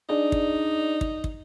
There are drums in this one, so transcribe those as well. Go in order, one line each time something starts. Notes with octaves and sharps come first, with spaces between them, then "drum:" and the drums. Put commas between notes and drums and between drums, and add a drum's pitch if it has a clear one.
D4 D#4 G#4 D5
drum: kick
drum: kick
drum: kick